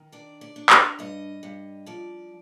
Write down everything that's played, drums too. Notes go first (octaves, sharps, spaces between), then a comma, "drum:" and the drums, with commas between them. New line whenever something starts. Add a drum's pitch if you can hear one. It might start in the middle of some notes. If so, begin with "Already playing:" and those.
Already playing: D#3
D4 D5
D5
D4
F5, drum: clap
G2 D#5
G2
F3 D5